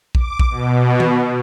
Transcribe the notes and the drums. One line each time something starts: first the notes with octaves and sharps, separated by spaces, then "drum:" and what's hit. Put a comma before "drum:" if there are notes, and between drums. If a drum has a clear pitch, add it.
D6, drum: kick A#1
drum: kick A#1
B2
drum: tom D#3